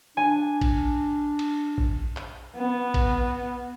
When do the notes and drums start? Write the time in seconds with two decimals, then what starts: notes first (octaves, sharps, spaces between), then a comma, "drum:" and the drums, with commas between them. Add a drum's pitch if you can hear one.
0.17 D4 G#5
0.61 drum: kick A1, cymbal
1.39 drum: cymbal
1.78 drum: kick A1
2.17 drum: clap
2.56 B3
2.94 drum: kick A1, cymbal